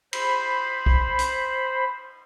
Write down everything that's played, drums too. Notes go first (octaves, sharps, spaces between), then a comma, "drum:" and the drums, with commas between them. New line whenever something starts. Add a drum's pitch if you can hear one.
C5 B5, drum: cymbal
drum: kick
drum: hi-hat